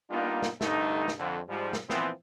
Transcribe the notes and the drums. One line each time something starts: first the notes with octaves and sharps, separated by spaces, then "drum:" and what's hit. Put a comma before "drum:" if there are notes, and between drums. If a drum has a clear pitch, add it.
G3 A#3 B3 D4 D#4 F4
drum: snare
C2 G2 D3 A3 D#4, drum: snare
drum: snare
F2 D3
G#2 F3 G3
drum: snare
A#2 E3 F3 B3 C4, drum: snare